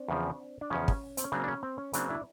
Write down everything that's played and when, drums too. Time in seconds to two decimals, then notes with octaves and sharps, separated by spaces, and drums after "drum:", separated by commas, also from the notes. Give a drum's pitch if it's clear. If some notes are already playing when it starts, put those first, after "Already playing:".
Already playing: C4 D4
0.08 E2 C#3 F3
0.61 D4
0.70 E2 C#3 F3 C#4
0.88 drum: kick
1.17 C4, drum: hi-hat
1.24 C#4
1.32 C#3 F#3 A#3 C4 D4
1.44 D4
1.48 C#4
1.63 C4
1.78 C#4
1.93 C#3 F#3 A#3 C4 D4, drum: hi-hat
2.09 D4 E4